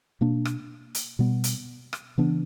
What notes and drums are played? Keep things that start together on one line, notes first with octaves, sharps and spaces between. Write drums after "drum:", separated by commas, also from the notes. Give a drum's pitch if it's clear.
B2 A#3 D4
drum: rim click
drum: hi-hat
B2 G3 B3
drum: hi-hat
drum: rim click
C#3 E3 B3 D4